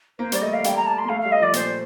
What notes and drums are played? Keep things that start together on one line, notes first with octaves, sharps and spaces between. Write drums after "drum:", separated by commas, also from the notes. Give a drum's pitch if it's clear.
A#3 C5
G3 D5, drum: hi-hat
A3 D#5
F5
G3 G5, drum: hi-hat
A#5
A5
C6
A#3
A3 F5
G3 F5
D#5
F3 D5
A#2 C5, drum: hi-hat